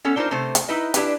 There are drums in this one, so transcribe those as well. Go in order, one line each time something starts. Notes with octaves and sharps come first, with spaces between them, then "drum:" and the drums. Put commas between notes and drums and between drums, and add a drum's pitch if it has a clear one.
B3 C#4 A4
D4 D#4 F4 A#4 C5
C3 A3 C5
drum: hi-hat
D#4 E4 B4 D#5
D4 E4 G4 B4, drum: hi-hat